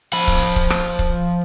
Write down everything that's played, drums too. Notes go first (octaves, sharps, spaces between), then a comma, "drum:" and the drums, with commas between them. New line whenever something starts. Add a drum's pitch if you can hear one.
F3 B5
drum: kick C#1
drum: kick C#1
drum: rim click
drum: kick C#1